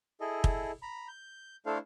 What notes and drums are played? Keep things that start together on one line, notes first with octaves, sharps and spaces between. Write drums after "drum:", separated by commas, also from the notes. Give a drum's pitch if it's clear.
E4 G#4 A4 D#5
drum: kick
A#5 B5
G6
A3 D4 E4 A4 C5 F5